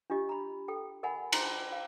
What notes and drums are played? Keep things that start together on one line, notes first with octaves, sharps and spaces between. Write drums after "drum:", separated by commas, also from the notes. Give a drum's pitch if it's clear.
D4 F4 G4 D#5
A#5 B5
A4 G5
A#4 D#5 F#5 G#5 B5
A#5 C6, drum: cymbal
F5